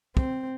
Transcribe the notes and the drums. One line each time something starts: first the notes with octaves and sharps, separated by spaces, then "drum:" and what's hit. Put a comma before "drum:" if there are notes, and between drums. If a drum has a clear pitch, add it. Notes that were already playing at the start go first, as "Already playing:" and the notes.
C4, drum: kick